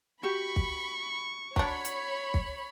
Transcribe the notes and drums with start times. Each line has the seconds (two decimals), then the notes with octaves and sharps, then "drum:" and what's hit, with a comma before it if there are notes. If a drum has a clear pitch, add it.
0.23 F#4 G4 B5 C#6
0.56 drum: kick
1.56 F#3 D4 C#5 B5, drum: kick
1.85 drum: hi-hat
2.34 drum: kick